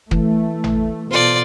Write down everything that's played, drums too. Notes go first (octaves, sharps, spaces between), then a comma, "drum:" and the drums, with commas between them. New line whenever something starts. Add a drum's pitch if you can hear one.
E3 A3, drum: kick
drum: tom G#1
B2 F4 A4 C5 D5